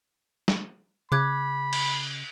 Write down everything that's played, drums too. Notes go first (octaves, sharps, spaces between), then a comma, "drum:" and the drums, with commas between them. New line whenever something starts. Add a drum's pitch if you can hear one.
drum: snare
C#3 B5 D6 F#6 G#6
drum: cymbal